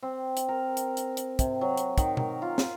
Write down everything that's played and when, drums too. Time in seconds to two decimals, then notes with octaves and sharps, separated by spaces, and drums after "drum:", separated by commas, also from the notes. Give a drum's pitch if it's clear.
0.03 C4
0.37 drum: hi-hat
0.49 A#4
0.77 drum: hi-hat
0.97 drum: hi-hat
1.17 drum: hi-hat
1.39 C3, drum: kick, hi-hat
1.61 F#3
1.77 drum: hi-hat
1.98 D#3, drum: kick, hi-hat
2.17 A#4, drum: tom B2
2.42 F4
2.58 drum: snare